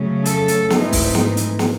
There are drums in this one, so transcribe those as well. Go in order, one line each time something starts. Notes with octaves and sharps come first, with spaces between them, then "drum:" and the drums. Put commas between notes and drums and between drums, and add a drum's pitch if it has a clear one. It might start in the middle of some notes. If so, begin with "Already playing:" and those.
Already playing: C#3 F#3 A3 C#4
A4, drum: hi-hat
drum: hi-hat
G#2 E3 A3 C4 D#4, drum: snare
drum: kick, open hi-hat
drum: snare
drum: hi-hat
drum: snare